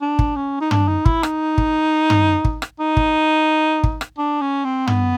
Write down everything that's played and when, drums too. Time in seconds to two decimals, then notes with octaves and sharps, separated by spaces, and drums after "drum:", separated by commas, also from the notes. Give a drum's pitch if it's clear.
0.01 D4
0.19 drum: kick
0.36 C#4
0.61 D#4
0.71 D4, drum: tom
0.88 D#4
1.06 E4, drum: kick
1.23 D#4, drum: rim click
1.58 drum: kick
2.10 drum: tom
2.45 drum: kick
2.62 drum: rim click
2.80 D#4
2.97 drum: kick
3.84 drum: kick
4.01 drum: rim click
4.18 D4
4.41 C#4
4.64 C4
4.87 B3, drum: tom